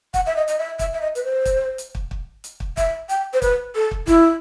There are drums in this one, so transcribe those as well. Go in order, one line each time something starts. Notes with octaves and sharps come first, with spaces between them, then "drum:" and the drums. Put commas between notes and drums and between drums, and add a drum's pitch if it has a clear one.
F#5, drum: kick, hi-hat
E5
D#5
D#5, drum: hi-hat
E5
E5, drum: kick, hi-hat
E5
D#5
B4, drum: hi-hat
C5
drum: kick, hi-hat
drum: hi-hat
drum: kick
drum: kick
drum: hi-hat
drum: kick
E5, drum: kick, hi-hat
G5, drum: hi-hat
C5
B4, drum: kick, hi-hat
A4
drum: kick
E4, drum: kick, hi-hat